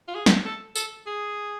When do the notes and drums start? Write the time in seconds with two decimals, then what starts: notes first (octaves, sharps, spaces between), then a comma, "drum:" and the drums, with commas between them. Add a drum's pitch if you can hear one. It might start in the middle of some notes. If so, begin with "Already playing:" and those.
0.08 F4
0.15 G#4
0.26 drum: snare
0.45 A4
0.75 A4, drum: tambourine
1.07 G#4